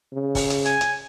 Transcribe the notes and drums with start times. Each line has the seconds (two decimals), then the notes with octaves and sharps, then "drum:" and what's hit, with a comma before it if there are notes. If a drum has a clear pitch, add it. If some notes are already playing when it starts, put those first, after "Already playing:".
0.13 C#3
0.35 drum: kick, open hi-hat
0.50 drum: hi-hat
0.65 G#5, drum: hi-hat
0.81 drum: hi-hat